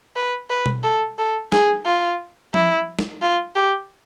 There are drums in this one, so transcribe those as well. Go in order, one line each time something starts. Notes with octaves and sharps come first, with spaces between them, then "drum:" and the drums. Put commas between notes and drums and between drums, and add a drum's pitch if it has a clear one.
B4
B4
drum: tom B2
A4
A4
G#4, drum: snare
F4
E4, drum: tom F3
drum: snare
F4
G4